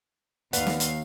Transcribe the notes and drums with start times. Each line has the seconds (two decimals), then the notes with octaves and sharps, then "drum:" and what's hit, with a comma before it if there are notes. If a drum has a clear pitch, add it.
0.53 D#2 B4 D5 F5 F#5, drum: hi-hat
0.67 drum: snare
0.80 drum: hi-hat